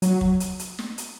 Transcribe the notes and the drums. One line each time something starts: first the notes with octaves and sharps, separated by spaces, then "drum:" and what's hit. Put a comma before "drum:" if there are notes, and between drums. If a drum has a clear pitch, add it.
F#3, drum: hi-hat
drum: kick
drum: hi-hat
drum: hi-hat
drum: snare
drum: hi-hat